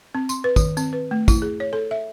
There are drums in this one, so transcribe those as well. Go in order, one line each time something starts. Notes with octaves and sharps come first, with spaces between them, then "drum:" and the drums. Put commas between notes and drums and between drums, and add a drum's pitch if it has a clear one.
C4
C6, drum: tambourine
B4
D#3, drum: kick, tambourine
C4, drum: tambourine
B4
A3
E4, drum: kick, tambourine
G#4
C#5
A4
E5